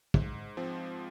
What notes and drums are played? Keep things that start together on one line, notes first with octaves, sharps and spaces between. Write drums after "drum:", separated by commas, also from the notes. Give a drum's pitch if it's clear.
G#2, drum: kick
F3 C4